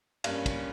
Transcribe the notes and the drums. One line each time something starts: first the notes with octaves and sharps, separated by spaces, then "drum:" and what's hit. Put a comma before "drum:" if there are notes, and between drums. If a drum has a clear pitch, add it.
G2 G3 A#3 C#4, drum: cymbal
drum: kick, cymbal